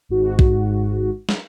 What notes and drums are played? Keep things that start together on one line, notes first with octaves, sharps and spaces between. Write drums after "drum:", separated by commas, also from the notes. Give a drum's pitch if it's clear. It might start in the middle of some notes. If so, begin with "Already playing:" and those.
G#1 G#2 F#4
drum: kick A#1
drum: snare